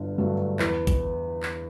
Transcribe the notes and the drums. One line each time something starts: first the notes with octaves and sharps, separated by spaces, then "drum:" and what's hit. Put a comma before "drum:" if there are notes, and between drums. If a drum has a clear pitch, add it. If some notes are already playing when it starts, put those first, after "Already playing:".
Already playing: G1 G2 D3
G2 D3 F#3 A3
E2 B4, drum: clap
drum: kick A1, hi-hat
drum: clap